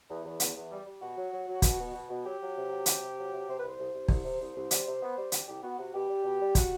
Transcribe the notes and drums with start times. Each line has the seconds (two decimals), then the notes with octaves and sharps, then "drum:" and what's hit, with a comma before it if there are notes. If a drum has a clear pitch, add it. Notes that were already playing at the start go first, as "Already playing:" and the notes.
0.08 E2
0.24 E2
0.40 E2, drum: hi-hat
0.55 E2
0.71 G3
0.86 G3
1.01 B2 F#4
1.16 F#3
1.32 F#3
1.47 F#3
1.62 B2, drum: kick, hi-hat
1.79 B2
1.94 B2
2.09 B2
2.24 F#3 G4
2.40 F#3
2.54 C3
2.71 F#3
2.86 C3, drum: hi-hat
3.01 C3
3.16 F#3
3.32 C3
3.47 C3 C5
3.57 B4
3.63 C2 C5
3.79 C2
3.93 C2
4.08 C2, drum: kick
4.24 C3
4.40 C2
4.54 C2
4.71 G3, drum: hi-hat
4.86 C3
5.02 B3
5.17 G3
5.32 G3 G4, drum: hi-hat
5.47 C2 G4
5.62 B3 F#4
5.78 C3 F#4
5.93 B2 G4
6.08 G3
6.24 B2
6.40 G3
6.55 G3 F#4, drum: kick, hi-hat